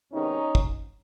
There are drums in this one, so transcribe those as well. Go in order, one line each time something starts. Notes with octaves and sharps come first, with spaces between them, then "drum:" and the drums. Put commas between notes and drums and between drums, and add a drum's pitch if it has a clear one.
E2 C3 D#3 G#3 C#4 D#4
drum: kick